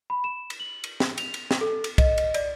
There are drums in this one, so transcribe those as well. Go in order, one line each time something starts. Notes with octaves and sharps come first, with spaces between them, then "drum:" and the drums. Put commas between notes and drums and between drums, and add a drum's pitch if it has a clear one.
B5
E7
drum: cymbal
F#7
drum: cymbal
drum: snare
F7, drum: cymbal
drum: cymbal
drum: snare
A4
drum: cymbal
D#5, drum: kick, cymbal
drum: cymbal
D5, drum: cymbal